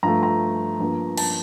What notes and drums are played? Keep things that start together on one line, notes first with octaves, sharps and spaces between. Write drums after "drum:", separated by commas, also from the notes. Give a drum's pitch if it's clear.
G2 F3 A3 A#5
A#5
G2 F3 A#3
A5, drum: cymbal